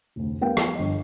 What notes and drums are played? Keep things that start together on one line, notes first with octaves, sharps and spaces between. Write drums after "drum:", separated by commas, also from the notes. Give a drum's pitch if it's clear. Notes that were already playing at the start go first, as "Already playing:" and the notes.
F1 D2
G3 B3 A#4 B4 F5 G5
drum: rim click
G1 D#5